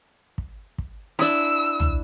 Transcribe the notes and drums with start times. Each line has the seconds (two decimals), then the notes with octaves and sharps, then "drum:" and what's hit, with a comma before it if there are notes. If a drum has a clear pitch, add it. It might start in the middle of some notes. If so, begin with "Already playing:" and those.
0.38 drum: kick
0.78 drum: kick
1.19 D4 E4 E6
1.80 drum: tom